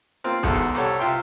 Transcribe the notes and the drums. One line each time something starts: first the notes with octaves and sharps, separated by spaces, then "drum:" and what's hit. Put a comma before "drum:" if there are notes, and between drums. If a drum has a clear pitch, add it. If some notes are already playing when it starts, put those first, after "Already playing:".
A#3 C4 F4
B1 E2 G#2 F#4 A4 F#5, drum: kick
C2 G3 A4 C#5 F#5
C2 F4 E5 G5 C6